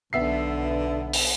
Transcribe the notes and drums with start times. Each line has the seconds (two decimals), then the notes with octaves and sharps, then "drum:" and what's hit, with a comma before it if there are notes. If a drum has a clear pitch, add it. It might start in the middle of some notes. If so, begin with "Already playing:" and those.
0.13 B1 D3 B3 E5 C7
1.13 drum: open hi-hat